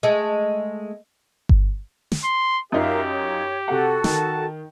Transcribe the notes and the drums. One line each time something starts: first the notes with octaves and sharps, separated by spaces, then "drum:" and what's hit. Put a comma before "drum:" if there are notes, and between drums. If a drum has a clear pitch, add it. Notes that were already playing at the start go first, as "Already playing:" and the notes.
G#3 A3
drum: kick G1
drum: snare
C6
F#2 D#4 F4 G4 A#4 E5 F5
C#5
C3 F#4 A4 F#5
D#3 A5, drum: snare